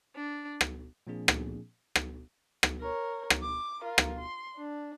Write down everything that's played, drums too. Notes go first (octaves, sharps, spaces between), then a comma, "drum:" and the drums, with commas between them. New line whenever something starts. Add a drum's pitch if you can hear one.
D4
drum: rim click
A#2 F3 A#3 C4 D4 G#4
drum: rim click
drum: rim click
drum: rim click
A#4 C#5
drum: rim click
D6
F4 A#4
drum: rim click
C6
D4